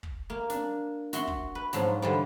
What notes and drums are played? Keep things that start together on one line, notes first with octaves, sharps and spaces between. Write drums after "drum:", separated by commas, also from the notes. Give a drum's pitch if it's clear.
drum: kick
A#3
D4, drum: snare
F#4 E5 F#5 C6, drum: snare
drum: kick
B4
G#2 F3 F#3, drum: snare
D3 E3 G3